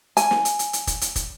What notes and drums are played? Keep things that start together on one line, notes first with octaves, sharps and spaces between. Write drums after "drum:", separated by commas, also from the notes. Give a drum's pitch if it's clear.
G#5, drum: hi-hat
drum: snare
drum: hi-hat
drum: hi-hat
drum: hi-hat
drum: kick, hi-hat
drum: hi-hat
drum: kick, hi-hat